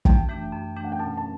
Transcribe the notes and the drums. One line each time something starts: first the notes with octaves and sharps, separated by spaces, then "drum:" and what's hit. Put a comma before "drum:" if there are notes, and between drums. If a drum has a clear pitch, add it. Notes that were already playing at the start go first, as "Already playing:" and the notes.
F#2 G5, drum: kick
E3 A3 D4
F#2
E3 A3 D4
F#5
G5
B2 A5
A5